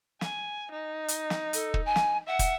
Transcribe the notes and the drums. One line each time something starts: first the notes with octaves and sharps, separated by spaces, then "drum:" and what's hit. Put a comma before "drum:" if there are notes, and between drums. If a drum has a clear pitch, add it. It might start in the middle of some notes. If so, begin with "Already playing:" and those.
G#5, drum: snare
D#4
drum: hi-hat
drum: snare
A4, drum: hi-hat
drum: kick
G#5
drum: snare
E5 F#5
drum: kick, hi-hat